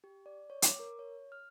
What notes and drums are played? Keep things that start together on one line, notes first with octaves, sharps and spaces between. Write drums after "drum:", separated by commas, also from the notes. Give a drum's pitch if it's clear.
G4
D5
C#5
D6, drum: hi-hat
A#4
C#5
F6